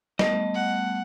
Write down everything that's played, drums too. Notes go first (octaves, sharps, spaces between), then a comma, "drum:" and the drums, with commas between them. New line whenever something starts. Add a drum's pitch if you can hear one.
G3 A3 B3 D#5, drum: snare
F#5